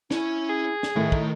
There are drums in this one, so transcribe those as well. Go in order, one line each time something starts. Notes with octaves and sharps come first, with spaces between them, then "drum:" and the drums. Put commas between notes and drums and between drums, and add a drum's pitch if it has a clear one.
C#4 E4 G#5, drum: snare
G#4
drum: snare
A2 D#3 E5
drum: kick